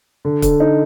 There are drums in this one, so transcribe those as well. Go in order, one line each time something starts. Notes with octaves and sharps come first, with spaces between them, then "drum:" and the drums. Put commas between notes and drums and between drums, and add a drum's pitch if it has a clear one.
D3
D3, drum: kick, hi-hat
D#4